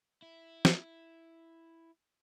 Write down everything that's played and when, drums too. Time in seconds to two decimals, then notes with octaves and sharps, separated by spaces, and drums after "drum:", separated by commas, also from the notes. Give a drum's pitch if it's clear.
0.22 E4
0.65 drum: snare